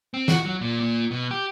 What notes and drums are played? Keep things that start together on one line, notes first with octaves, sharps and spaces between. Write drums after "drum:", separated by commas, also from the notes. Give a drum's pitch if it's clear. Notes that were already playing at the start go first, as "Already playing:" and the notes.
C4
F#4, drum: snare
F#3
A#2
A#2
B2
G4